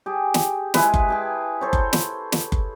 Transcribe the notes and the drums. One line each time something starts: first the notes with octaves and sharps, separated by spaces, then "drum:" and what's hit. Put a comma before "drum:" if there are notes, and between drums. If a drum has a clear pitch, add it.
G4 G#4
drum: snare
G#3 E4 G#4 B4, drum: snare
drum: kick F#1
G#4 G5 A5
A4 C5 C#5
drum: kick F#1
drum: snare
drum: snare
drum: kick F#1